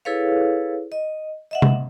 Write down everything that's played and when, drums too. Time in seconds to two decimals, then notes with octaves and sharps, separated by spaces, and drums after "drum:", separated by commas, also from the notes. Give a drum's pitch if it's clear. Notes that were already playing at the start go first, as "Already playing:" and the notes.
0.05 E4 G#4 A4 B4 C#5 F5
0.92 D#5
1.51 D#5 E5 F#5
1.62 drum: tom C3